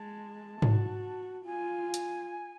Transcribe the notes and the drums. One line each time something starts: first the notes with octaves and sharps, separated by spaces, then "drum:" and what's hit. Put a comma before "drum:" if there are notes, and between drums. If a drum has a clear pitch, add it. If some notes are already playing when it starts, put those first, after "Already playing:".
Already playing: G#3 A5
F#4, drum: tom G#2
F4 G#5
drum: hi-hat